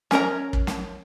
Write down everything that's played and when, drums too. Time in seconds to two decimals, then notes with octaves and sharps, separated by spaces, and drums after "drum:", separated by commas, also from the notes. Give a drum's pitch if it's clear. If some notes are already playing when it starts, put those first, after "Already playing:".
0.11 C#4 A#4 A#5, drum: snare
0.53 drum: kick
0.67 drum: snare